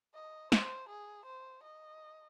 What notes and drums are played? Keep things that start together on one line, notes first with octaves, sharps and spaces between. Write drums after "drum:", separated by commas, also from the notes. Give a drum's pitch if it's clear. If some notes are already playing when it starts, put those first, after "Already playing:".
D#5
C5, drum: snare
G#4
C5
D#5